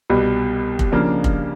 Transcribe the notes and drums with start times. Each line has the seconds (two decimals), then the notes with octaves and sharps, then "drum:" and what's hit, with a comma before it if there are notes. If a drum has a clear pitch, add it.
0.10 C2 B2 G3
0.79 drum: kick F1
0.92 C#3 F3 A#3 D4
1.24 drum: kick F1